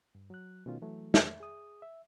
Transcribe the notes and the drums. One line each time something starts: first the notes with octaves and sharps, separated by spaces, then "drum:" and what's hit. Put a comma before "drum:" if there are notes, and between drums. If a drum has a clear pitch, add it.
G2
F#3 F#6
B2 D#3 A3 C#4 D#4 F4
E3 F#3 A3
drum: snare
G#4 D#6
E5